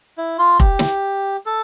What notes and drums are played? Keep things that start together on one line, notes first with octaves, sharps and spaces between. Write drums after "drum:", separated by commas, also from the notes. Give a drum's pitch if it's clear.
E4
F4
G4, drum: kick F1
drum: snare
A4